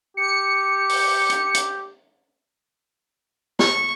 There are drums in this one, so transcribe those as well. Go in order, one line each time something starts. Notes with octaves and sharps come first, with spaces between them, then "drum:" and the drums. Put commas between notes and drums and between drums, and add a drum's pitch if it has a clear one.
G4 C#7
drum: open hi-hat
drum: hi-hat
drum: hi-hat
C#6, drum: snare